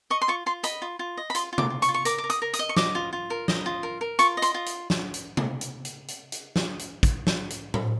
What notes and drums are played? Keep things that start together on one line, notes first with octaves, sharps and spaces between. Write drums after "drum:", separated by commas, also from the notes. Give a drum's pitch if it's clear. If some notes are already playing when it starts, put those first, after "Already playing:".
D#5 C#6
C6
F4 C#6
F4 C6
D#5 B5, drum: hi-hat
F4
F4
D#5
B5
F4 C6, drum: hi-hat
F4
D6, drum: tom C3
F4
C#6, drum: hi-hat
F4
C#6
A#4 D6, drum: hi-hat
D6
A#4
D#6, drum: hi-hat
A#4
D#6, drum: hi-hat
D#5
C#6
D#5 D6, drum: snare
F4
F4
A#4
D#5, drum: snare
F4
A#4
A#4
F4 C#6, drum: hi-hat
D#5
C6, drum: hi-hat
F4
drum: hi-hat
drum: snare
drum: hi-hat
drum: tom C3
drum: hi-hat
drum: hi-hat
drum: hi-hat
drum: hi-hat
drum: snare
drum: hi-hat
drum: kick, hi-hat
drum: snare
drum: hi-hat
drum: tom A2